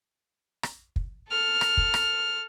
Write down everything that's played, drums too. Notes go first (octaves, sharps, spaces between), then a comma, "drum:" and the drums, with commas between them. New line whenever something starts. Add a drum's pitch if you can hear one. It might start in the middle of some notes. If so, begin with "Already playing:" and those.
drum: rim click
drum: kick
A4 F6
drum: rim click
drum: kick
drum: rim click